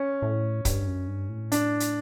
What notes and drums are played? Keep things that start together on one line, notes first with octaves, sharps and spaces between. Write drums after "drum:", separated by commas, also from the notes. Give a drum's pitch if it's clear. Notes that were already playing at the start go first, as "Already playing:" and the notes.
Already playing: C#4
A2
G2, drum: kick, hi-hat
F#2
G2
A2
D4, drum: hi-hat
drum: hi-hat